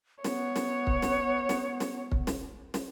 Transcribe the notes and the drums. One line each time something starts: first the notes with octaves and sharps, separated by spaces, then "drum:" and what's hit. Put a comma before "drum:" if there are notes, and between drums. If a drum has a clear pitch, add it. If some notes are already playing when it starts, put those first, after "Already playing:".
B3 C#5, drum: snare
drum: snare
drum: kick
drum: snare
drum: snare
drum: snare
drum: kick
drum: snare
drum: snare